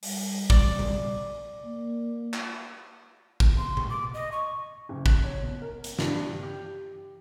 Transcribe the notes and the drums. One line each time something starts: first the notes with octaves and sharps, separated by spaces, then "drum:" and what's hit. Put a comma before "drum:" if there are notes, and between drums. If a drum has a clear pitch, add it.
G3, drum: open hi-hat
D5, drum: kick
drum: tom B2
A#3
drum: clap
drum: kick
C6
drum: tom B2
D6
D#5
C#6
F#1
F#6, drum: kick
C#5
B2
A#4
drum: hi-hat
G2, drum: snare
G4